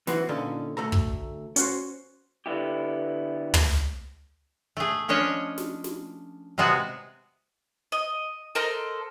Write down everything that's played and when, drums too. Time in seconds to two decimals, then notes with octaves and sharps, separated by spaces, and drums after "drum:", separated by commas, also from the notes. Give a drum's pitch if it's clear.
0.07 E3 B3 C4 E4 F#4, drum: snare
0.29 A#2 D3 C#4 D#4 A4
0.77 D2 A3 A4 A#5
0.92 drum: kick
1.56 C#4 F#4 C5, drum: hi-hat
2.46 D3 B3 E4 G4
3.54 drum: tom
4.77 A3 G#4
5.08 F3 C#4 D4 C#5 D#5
5.58 drum: snare
5.84 drum: snare
6.58 C3 G3 G#3 B3 F#4
7.92 D#5
8.55 A4 A#4 C5 D#5